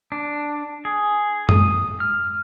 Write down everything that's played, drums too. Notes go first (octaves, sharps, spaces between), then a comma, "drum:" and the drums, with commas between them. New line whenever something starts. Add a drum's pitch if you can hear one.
D4
G#4
D#6, drum: tom F#2
F6